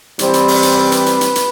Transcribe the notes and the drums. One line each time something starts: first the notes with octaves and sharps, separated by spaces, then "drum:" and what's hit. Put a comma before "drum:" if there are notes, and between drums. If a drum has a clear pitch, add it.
E3 G3 C4 C5, drum: hi-hat
drum: hi-hat
drum: open hi-hat
drum: hi-hat
B4
drum: hi-hat
drum: hi-hat
drum: hi-hat
drum: hi-hat